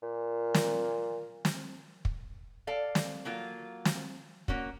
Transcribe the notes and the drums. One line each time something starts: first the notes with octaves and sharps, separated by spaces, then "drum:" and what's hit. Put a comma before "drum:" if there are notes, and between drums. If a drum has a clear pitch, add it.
A#2
drum: snare
drum: snare
drum: kick
A4 D5 F5
drum: snare
F#3 A#3 F4
drum: snare
A#3 C#4 F#4, drum: kick